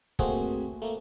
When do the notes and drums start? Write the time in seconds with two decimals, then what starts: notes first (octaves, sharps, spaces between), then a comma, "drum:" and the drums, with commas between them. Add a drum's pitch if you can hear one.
0.19 A3 A#3 C4 F#4 G#4, drum: kick
0.82 A3 A#3